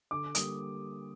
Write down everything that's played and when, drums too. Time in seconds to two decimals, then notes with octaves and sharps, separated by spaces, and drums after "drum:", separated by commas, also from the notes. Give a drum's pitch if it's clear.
0.11 D3 D6
0.35 G3 A#3 D#6, drum: hi-hat